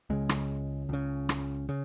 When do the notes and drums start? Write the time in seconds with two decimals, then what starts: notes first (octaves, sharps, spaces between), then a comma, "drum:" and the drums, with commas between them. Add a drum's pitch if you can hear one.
0.10 C#2 C#3 G#3
0.29 drum: rim click
0.89 C#2 C#3
1.29 drum: rim click
1.69 C#3